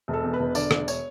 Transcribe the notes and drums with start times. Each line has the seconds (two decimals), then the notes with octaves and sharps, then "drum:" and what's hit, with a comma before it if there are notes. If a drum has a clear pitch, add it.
0.08 E1
0.13 A4
0.24 E2
0.33 B4
0.39 E1
0.55 D3 D5, drum: tambourine
0.71 E1, drum: rim click
0.88 C#5, drum: tambourine